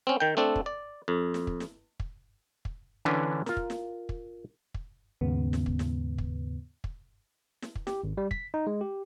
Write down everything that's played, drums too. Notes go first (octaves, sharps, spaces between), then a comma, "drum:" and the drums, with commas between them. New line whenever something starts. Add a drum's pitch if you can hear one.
C4 C#4
D#3 G5
A3 C4 D4 A4
drum: kick
D5
F2
drum: snare
drum: kick
drum: snare
drum: kick
drum: kick
D3 E3 C#4 D4 B4
F4 A#4, drum: snare
drum: kick
drum: snare
drum: kick
drum: kick
D#2 G#2 C#3 B3
drum: snare
drum: kick
drum: snare
drum: kick
drum: kick
drum: snare
drum: kick
G4, drum: snare
G#1
G3
B6, drum: kick
D#4
G#3
G4